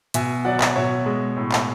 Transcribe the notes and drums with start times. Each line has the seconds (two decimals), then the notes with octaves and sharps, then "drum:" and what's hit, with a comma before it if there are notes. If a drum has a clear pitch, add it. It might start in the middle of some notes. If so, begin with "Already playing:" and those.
0.14 B2 E5 G#5, drum: hi-hat
0.45 F#3 D5 F#5
0.61 drum: clap
0.75 B2 C#5 E5
1.06 G#3
1.37 A2
1.52 drum: clap